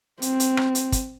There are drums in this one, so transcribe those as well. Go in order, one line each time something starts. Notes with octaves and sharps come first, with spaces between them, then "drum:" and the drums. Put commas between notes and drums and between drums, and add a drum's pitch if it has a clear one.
C4, drum: hi-hat
drum: hi-hat
drum: rim click
drum: hi-hat
drum: kick, hi-hat